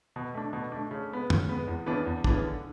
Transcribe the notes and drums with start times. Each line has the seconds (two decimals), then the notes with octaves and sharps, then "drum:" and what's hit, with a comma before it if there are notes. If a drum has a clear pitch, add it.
0.16 B2
0.34 A3 D4
0.53 B2
0.72 A3 D4
0.91 C#3
1.11 G#3 B3
1.30 C#3, drum: tom
1.49 G#3 B3
1.68 E2
1.86 C#3 E3 B3 D4
2.06 E2
2.24 C#3 E3 B3 D4, drum: kick
2.44 D3